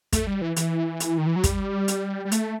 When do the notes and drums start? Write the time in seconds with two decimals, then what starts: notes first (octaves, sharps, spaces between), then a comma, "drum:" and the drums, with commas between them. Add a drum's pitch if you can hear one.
0.13 A3, drum: kick, hi-hat
0.27 G3
0.41 E3
0.56 E3, drum: hi-hat
1.00 drum: hi-hat
1.18 D#3
1.26 E3
1.36 F#3
1.44 G3, drum: kick, hi-hat
1.88 drum: hi-hat
2.25 G3
2.32 A3, drum: hi-hat